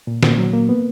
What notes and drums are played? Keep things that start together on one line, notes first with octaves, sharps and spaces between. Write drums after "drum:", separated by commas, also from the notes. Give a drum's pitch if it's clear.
A#2
A#2, drum: snare
F#3
A#3
B3